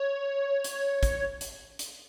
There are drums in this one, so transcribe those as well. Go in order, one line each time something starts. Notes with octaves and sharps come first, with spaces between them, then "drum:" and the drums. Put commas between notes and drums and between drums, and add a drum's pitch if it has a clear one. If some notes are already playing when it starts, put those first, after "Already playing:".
Already playing: C#5
drum: hi-hat
drum: kick, hi-hat
drum: hi-hat
drum: hi-hat